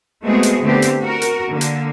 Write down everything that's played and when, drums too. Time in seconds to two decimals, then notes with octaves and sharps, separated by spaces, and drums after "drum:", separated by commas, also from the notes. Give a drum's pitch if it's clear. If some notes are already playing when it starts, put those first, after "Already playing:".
0.23 G#3 A3 B3 C4 F#4 G#4
0.43 drum: hi-hat
0.62 D3 A3 B3 C4 G4
0.82 drum: hi-hat
1.03 F#4 A#4
1.22 drum: hi-hat
1.48 D3 A#3
1.61 drum: hi-hat